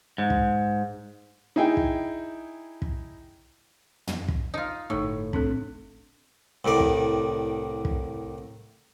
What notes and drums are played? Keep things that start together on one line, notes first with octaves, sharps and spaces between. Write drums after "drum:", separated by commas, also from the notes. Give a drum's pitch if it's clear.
G#2
drum: kick
D#4 E4 G#4 G5
drum: kick
drum: kick
drum: tom
drum: kick
D#4 F4 D#5
G1 A2 A3 D#4
C4 D4 A4, drum: kick
C2 A2 D#3 D5
drum: kick
drum: kick